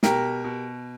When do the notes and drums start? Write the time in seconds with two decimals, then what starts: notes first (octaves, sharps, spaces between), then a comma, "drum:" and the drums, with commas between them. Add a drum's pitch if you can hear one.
0.03 B2 G4 A#4, drum: snare
0.44 B2